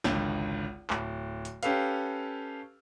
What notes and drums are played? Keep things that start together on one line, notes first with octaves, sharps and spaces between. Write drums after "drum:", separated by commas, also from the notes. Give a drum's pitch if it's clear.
G#1 C#2 D3, drum: snare
D1, drum: clap
drum: hi-hat
C#4 G4 A4 B4 F5, drum: hi-hat